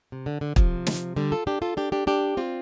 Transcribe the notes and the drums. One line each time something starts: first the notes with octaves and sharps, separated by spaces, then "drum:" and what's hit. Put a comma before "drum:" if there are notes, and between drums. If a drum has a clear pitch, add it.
C3
D3
D3
C3 F3, drum: kick
drum: snare
D3 G3
F4 A4
D4 G4
F4 A4
D4 G4
D4 G4
D4 G4
C4 F4